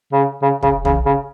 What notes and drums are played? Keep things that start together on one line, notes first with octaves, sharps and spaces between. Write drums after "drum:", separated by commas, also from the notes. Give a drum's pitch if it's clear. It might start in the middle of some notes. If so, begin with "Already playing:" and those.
C#3
C#3
C#3, drum: kick
C#3, drum: tom
C#3